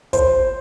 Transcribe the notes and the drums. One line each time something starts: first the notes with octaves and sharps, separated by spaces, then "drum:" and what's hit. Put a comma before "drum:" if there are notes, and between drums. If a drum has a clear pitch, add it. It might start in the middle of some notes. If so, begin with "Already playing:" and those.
C5, drum: kick, hi-hat